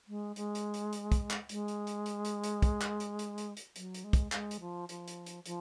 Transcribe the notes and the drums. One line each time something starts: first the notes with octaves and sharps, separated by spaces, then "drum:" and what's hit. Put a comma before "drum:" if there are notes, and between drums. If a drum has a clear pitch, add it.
G#3
G#3, drum: hi-hat
drum: hi-hat
drum: hi-hat
drum: hi-hat
drum: kick, hi-hat
drum: clap
G#3, drum: hi-hat
drum: hi-hat
drum: hi-hat
drum: hi-hat
drum: hi-hat
drum: hi-hat
drum: kick, hi-hat
drum: clap
drum: hi-hat
drum: hi-hat
drum: hi-hat
drum: hi-hat
F#3, drum: hi-hat
drum: hi-hat
G#3
drum: kick, hi-hat
G#3, drum: clap
drum: hi-hat
F3
F3, drum: hi-hat
drum: hi-hat
drum: hi-hat
F3, drum: hi-hat